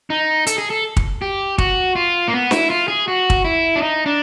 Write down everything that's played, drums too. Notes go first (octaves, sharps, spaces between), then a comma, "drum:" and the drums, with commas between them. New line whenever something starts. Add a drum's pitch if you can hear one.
D#4
A4, drum: hi-hat
G#4
A4
drum: kick
G4
F#4, drum: kick
F4
A#3
B3
E4, drum: snare
F4
G#4
F#4
drum: kick
E4
D4
D#4
D4